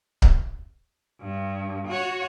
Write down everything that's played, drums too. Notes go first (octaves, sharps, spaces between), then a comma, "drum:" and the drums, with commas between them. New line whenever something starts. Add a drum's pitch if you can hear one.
drum: kick C#1
G2
F#4 C#5